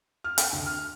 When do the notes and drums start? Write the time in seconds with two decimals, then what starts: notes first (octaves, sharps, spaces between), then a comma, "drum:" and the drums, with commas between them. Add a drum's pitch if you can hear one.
0.24 F6
0.38 G5, drum: hi-hat
0.52 D2
0.66 F6